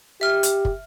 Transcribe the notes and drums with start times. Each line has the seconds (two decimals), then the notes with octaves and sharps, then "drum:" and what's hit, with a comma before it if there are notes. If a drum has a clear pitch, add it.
0.21 G4 E5 F6
0.43 drum: hi-hat
0.65 drum: kick